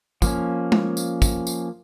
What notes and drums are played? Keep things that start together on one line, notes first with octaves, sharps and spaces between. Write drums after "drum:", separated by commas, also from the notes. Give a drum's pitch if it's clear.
F3 A#3 C#4, drum: kick, tambourine
drum: tom
drum: tambourine
drum: kick, tambourine
drum: tambourine